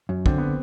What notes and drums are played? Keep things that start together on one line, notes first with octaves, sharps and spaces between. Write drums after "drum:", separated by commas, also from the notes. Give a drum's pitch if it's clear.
F#2
D3 C4, drum: kick
B3